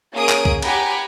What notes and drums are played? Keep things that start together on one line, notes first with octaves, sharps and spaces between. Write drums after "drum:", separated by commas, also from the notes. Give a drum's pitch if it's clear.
A#3 C#4 G#4 A#4 D#6 D7
drum: clap
drum: kick C2
G4 F#5 G#5 A#5 B5, drum: cymbal